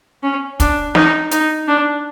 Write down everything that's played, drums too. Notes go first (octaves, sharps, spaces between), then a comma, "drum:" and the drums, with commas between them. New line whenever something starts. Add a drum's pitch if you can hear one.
C#4
D4, drum: kick, hi-hat
D#4, drum: snare
D#4, drum: hi-hat
D4